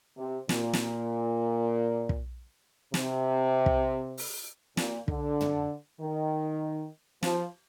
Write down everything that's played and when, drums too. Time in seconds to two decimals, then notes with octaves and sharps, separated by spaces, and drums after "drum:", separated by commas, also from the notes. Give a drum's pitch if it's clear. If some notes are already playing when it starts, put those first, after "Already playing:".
0.18 C3
0.49 A#2, drum: snare
0.73 drum: snare
2.09 drum: kick
2.94 C3, drum: snare
3.66 drum: kick
4.18 drum: open hi-hat
4.77 A#2, drum: snare
5.08 D3, drum: kick
5.41 drum: tom
6.01 D#3
7.23 F3, drum: snare